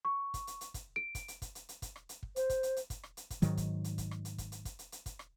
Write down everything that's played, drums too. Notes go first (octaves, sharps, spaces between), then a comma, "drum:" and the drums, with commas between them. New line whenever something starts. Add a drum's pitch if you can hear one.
C#6
drum: kick, hi-hat
drum: hi-hat
drum: hi-hat
drum: kick, hi-hat
D7
drum: kick, hi-hat
drum: hi-hat
drum: kick, hi-hat
drum: hi-hat
drum: hi-hat
drum: kick, hi-hat
drum: rim click
drum: hi-hat
drum: kick
C5, drum: hi-hat
drum: kick, hi-hat
drum: hi-hat
drum: hi-hat
drum: kick, hi-hat
drum: rim click
drum: hi-hat
drum: kick, hi-hat
G#2 D#3 F#3, drum: hi-hat
drum: kick, hi-hat
drum: hi-hat
drum: kick, hi-hat
drum: rim click
drum: hi-hat
drum: kick, hi-hat
drum: hi-hat
drum: kick, hi-hat
drum: hi-hat
drum: hi-hat
drum: kick, hi-hat
drum: rim click